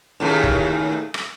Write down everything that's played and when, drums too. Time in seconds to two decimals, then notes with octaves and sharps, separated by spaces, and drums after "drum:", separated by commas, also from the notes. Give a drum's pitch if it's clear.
0.20 D#2 A2 C#3
0.44 drum: kick
1.14 drum: rim click